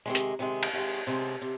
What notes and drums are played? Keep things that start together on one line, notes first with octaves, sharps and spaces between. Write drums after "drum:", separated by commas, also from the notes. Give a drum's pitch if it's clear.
C3 D#3 G#3
drum: hi-hat
C3 D#3 G#3
drum: cymbal
C3 D#3 G#3
C3 D#3 G#3
C3